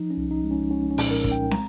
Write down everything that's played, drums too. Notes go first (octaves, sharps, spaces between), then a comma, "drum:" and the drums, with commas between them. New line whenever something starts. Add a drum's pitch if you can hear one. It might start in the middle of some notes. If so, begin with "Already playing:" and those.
Already playing: F3 D#4
C#4
C2
D#4
G#3
C#4
G#3 C#4
C#4
A#2, drum: open hi-hat
A#4
C2, drum: kick
G5
G#3 A#5, drum: snare